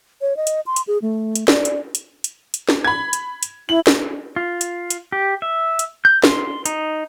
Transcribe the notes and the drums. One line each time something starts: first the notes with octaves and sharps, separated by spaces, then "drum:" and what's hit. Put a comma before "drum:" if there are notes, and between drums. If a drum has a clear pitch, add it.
C#5
D#5
drum: hi-hat
C6
drum: hi-hat
G#4
A3
drum: hi-hat
D5, drum: snare
drum: hi-hat
drum: hi-hat
drum: hi-hat
drum: hi-hat
drum: snare
B5 G#6
drum: hi-hat
drum: hi-hat
E4 F#7
drum: snare
F4
drum: hi-hat
drum: hi-hat
G4
E5
drum: hi-hat
G6
C6, drum: snare
D#4, drum: hi-hat